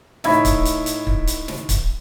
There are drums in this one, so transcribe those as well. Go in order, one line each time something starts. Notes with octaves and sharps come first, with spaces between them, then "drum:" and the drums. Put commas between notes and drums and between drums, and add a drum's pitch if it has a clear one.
A2 D#4 E5 B5 G#6, drum: snare
drum: kick, hi-hat
drum: hi-hat
drum: hi-hat
drum: kick
drum: hi-hat
drum: snare
drum: kick, hi-hat